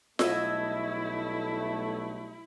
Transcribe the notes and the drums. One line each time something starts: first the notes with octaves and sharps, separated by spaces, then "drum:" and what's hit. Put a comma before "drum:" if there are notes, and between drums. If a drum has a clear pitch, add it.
B1 G3 A3 E4 D#5 E6 G#6, drum: snare F4